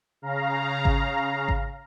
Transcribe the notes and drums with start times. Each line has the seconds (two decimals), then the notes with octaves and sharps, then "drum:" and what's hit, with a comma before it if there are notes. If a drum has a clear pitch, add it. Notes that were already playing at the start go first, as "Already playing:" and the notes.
0.22 C#3 F5 A#5
0.85 drum: kick G#1
1.49 drum: kick G#1